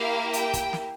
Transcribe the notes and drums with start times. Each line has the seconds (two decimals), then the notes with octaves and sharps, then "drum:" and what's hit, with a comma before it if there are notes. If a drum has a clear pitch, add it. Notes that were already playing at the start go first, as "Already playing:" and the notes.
Already playing: A#3 E4 G4 F5
0.33 G5, drum: hi-hat
0.53 drum: kick, hi-hat
0.73 drum: snare